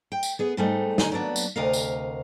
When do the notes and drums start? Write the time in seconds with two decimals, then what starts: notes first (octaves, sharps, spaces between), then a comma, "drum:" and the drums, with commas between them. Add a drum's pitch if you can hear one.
0.12 G5
0.23 drum: tambourine
0.39 B3 G#4
0.57 G#2 G3 A3 D#4
0.98 D#4 G#5, drum: snare
1.12 F#3 A#3 B3 D4
1.36 drum: tambourine
1.56 D2 C3 A#4 D#5 F5
1.73 drum: tambourine